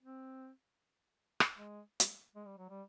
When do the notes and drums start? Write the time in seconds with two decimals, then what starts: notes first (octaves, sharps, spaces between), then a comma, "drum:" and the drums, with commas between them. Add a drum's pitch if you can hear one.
0.03 C4
1.40 drum: rim click
1.57 G#3
2.00 drum: hi-hat
2.35 G#3
2.46 G3
2.58 F#3
2.70 G3